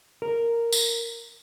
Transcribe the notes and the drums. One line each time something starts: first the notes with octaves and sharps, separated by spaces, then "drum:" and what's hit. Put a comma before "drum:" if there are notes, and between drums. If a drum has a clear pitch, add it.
A#4
drum: tambourine